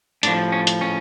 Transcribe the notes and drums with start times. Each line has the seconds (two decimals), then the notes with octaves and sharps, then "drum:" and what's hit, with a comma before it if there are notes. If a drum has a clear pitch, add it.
0.23 A2 F3 D4, drum: hi-hat
0.52 C#4
0.67 drum: hi-hat
0.81 C#4